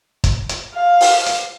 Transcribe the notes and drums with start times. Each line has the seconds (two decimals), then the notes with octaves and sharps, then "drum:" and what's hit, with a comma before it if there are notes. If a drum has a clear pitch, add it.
0.24 drum: kick, hi-hat
0.49 drum: hi-hat
0.75 F5
1.01 drum: open hi-hat
1.26 drum: hi-hat